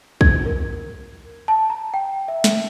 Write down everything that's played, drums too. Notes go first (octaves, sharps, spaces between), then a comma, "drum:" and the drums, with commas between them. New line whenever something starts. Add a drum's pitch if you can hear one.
G#6, drum: kick
A#4
A5
A#5
G5
E5
drum: snare